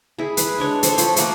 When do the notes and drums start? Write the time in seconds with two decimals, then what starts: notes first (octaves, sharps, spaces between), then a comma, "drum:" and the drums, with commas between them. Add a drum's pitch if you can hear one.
0.18 E4 G#4
0.37 B4, drum: hi-hat
0.58 G#3 D4 C#5
0.83 A4 C5 C#5, drum: hi-hat
0.98 F3 B5, drum: hi-hat
1.16 A3 A#3 F#5, drum: hi-hat